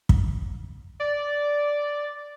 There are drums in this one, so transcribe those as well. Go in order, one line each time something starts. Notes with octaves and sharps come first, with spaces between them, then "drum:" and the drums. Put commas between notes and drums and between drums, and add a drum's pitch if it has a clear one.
drum: kick
D5